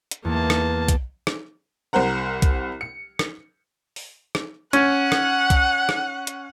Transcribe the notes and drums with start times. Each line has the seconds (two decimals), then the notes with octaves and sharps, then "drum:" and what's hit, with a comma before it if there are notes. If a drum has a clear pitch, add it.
0.11 drum: hi-hat
0.25 E2 A#3 A5
0.50 drum: rim click
0.88 drum: kick, hi-hat
1.27 drum: rim click
1.93 C2 A#4 C5 F#5 A#5
2.42 drum: kick, hi-hat
2.81 C#7
3.19 drum: rim click
3.96 drum: open hi-hat
4.35 drum: rim click
4.73 C#4 F#5, drum: hi-hat
5.12 drum: rim click
5.50 drum: kick, hi-hat
5.89 drum: rim click
6.27 drum: hi-hat